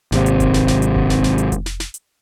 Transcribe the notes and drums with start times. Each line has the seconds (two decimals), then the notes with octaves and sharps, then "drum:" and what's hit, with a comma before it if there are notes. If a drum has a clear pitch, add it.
0.12 G#1 C3, drum: snare
0.26 drum: hi-hat
0.40 drum: kick F1, hi-hat
0.54 drum: snare
0.68 drum: snare
0.82 drum: hi-hat
0.96 drum: kick F1
1.10 drum: snare
1.24 drum: snare
1.38 drum: hi-hat
1.52 drum: kick F1, hi-hat
1.66 drum: snare
1.80 drum: snare
1.94 drum: hi-hat